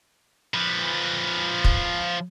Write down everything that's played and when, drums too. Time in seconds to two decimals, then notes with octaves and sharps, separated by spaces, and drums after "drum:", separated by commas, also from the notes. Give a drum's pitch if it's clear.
0.54 F3 B4
1.64 drum: kick